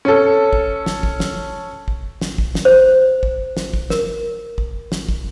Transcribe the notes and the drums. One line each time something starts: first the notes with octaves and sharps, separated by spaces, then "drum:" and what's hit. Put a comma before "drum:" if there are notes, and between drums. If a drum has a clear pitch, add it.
C#4 A4
drum: kick
drum: snare
drum: kick
drum: snare
drum: kick
drum: snare
drum: kick
drum: snare
C5
drum: kick
drum: snare
drum: kick
A#4, drum: snare
drum: kick
drum: snare
drum: kick